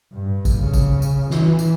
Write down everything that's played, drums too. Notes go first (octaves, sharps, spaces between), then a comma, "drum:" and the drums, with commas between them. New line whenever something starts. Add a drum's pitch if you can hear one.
G2
drum: kick G#1, tambourine
C#3
drum: kick G#1, tambourine
drum: tambourine
E3, drum: snare
drum: tambourine